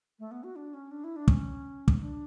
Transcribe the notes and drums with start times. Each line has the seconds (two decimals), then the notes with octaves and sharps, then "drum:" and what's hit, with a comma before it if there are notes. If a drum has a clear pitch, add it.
0.19 A3
0.31 B3
0.44 F#4
0.56 D4
0.74 C#4
0.91 D4
1.04 E4
1.16 D4
1.28 C#4, drum: kick
1.88 drum: kick
2.01 D4